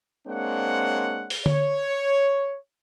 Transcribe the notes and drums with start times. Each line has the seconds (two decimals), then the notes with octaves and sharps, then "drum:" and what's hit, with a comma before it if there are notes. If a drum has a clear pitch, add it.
0.27 G#3 A#3 C4 D4 C#5 F#5
1.30 drum: open hi-hat
1.46 C#5, drum: tom D3